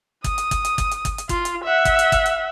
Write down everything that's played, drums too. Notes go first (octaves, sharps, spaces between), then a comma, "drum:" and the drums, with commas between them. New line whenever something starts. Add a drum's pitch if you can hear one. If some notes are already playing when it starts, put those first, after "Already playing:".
D#6, drum: kick, hi-hat
drum: hi-hat
drum: kick, hi-hat
drum: hi-hat
drum: kick, hi-hat
drum: hi-hat
drum: kick, hi-hat
drum: hi-hat
F4, drum: kick, hi-hat
drum: hi-hat
E5 F#5
drum: kick, hi-hat
drum: hi-hat
drum: kick, hi-hat
drum: hi-hat